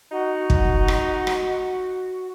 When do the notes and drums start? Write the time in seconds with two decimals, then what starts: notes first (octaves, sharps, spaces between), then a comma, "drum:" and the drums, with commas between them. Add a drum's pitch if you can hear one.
0.11 D#4 F#4
0.50 drum: kick
0.88 drum: rim click
1.27 drum: rim click